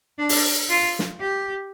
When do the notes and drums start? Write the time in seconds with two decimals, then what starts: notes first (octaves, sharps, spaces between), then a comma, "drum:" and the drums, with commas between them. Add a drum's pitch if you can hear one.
0.19 D4
0.29 drum: open hi-hat
0.69 F4
0.99 drum: snare
1.20 G4